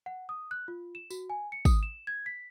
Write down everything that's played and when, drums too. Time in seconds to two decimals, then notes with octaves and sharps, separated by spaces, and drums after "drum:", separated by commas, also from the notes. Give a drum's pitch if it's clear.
0.06 F#5
0.29 D#6
0.51 F#6
0.68 F4
0.95 E7
1.10 F#4, drum: tambourine
1.30 G#5
1.52 C#7
1.65 D#6, drum: kick, tambourine
1.83 E7
2.07 G#6
2.26 B6